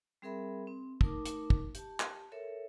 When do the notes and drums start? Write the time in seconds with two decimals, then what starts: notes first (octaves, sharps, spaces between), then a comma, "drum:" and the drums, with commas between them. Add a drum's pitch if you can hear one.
0.22 G3 C4 G#4 A#4 E5 B5
0.67 C4
1.01 A3 D#4 A#4 D6, drum: kick
1.26 drum: hi-hat
1.50 drum: kick
1.75 G4 A5, drum: hi-hat
2.00 drum: clap
2.32 A4 A#4 C#5 E5